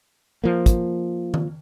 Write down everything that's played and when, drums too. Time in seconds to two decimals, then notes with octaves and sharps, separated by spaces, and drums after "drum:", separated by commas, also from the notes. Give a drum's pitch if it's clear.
0.44 F3 A#3
0.66 drum: kick, hi-hat
1.34 drum: tom D#3